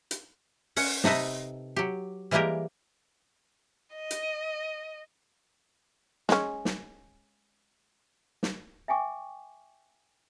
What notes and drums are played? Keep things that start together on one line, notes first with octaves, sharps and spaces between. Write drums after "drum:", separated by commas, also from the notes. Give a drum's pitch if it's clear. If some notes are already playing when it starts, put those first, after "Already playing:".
drum: hi-hat
C#4 F#5, drum: open hi-hat
C3 D#4 A4 B4 D#5, drum: snare
F#3 G4
E3 G3 G#3 A#3 G4 A#4
D#5
drum: hi-hat
G#3 C#4, drum: snare
drum: snare
drum: snare
E5 G5 G#5 C#6 D6